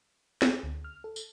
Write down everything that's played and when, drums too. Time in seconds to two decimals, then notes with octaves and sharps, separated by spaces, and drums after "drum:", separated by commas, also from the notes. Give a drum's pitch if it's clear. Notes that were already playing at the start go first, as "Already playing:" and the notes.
0.42 G#4, drum: snare
0.63 D2
0.84 F6
1.04 A4
1.16 drum: tambourine